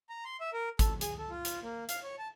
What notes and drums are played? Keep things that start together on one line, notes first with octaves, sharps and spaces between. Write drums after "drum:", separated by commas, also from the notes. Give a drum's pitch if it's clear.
A#5
C6
E5
A#4
A4, drum: kick G#1, hi-hat
G#4, drum: hi-hat
A4
F4
drum: hi-hat
A#3
F5, drum: hi-hat
C#5
A5